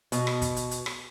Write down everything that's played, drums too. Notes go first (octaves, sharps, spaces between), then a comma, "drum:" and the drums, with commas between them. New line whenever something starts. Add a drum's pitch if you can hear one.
B2, drum: hi-hat
drum: rim click
drum: kick, hi-hat
drum: hi-hat
drum: hi-hat
drum: rim click